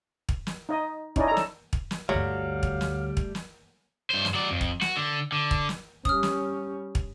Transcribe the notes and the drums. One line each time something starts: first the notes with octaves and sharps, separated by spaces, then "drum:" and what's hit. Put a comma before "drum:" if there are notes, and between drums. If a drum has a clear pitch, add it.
drum: kick
drum: snare
D#4 D#5
C#4 D#4 E4 D5 D#5, drum: kick
A4 A#5
drum: snare
drum: kick
drum: snare
G1 D2 F#3 G3 A3 F5
drum: kick
drum: snare
drum: kick
drum: snare
G2 C5
drum: snare
F#3 D5
F2
drum: kick
F#4, drum: snare
D3
D3
drum: kick
drum: snare
G3 C#4 D#6 F6, drum: kick
drum: snare
drum: kick